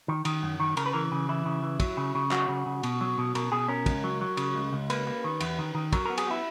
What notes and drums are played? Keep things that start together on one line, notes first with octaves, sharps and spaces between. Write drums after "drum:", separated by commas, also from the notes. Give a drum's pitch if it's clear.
D#3
D#3, drum: cymbal
F#2
D#3
C#3 A#4, drum: cymbal
B4
E3 A#4
C#3
E3 E4
C#3
E3
F#3, drum: kick, cymbal
C#3
C#3
F#3 F#4, drum: clap
C#3
C#3
B2, drum: cymbal
F#3
B2
B2 A#4, drum: cymbal
B2 G#4
C#4 A#4
C#2, drum: kick, cymbal
F#3
F#3
C#3, drum: cymbal
C#2
C#2
A#3 B4, drum: cymbal
A#3
D#3
E2, drum: cymbal
D#3
D#3
F#3 A#4, drum: kick, cymbal
B3 A#4
G#4, drum: cymbal
B3 E4